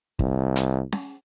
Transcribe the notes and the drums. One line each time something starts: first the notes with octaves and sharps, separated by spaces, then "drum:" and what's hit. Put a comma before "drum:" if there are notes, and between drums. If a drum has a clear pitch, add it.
C2, drum: kick
drum: hi-hat
drum: snare C#4